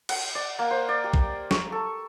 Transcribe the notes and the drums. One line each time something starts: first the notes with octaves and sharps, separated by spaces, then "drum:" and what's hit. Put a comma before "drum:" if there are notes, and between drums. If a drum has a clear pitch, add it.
F#5, drum: cymbal
D5
A#3
C5
D5
G4
drum: kick A#1
C#6, drum: snare
A4